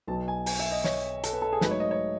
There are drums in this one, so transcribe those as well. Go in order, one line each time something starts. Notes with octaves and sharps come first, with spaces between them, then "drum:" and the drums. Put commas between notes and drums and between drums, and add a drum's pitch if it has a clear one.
B1 B2 F#3 A5
G#5
G#5, drum: open hi-hat
E5
D#5
C#5, drum: snare
A4, drum: hi-hat
B4
A4
G#4
G#2 F#3 A3 D#4 B4, drum: snare
C#5
D#5
C#5